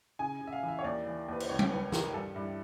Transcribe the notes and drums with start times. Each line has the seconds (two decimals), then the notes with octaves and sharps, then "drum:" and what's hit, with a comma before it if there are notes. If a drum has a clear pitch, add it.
0.19 C#3 G#5
0.41 C#3
0.47 E5
0.53 F5
0.63 E3
0.68 E5
0.79 C#5
0.84 D#2 D5
1.06 E3
1.28 D#2 B4
1.40 C5, drum: cymbal
1.49 C#2 C#5
1.59 drum: tom F#3
1.71 C#2 B4
1.92 D#3 A#4, drum: snare
2.13 G2 A4
2.35 G2 E4